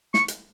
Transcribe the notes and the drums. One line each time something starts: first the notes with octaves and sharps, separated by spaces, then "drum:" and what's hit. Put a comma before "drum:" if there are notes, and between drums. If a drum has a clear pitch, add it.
C#6, drum: snare
drum: hi-hat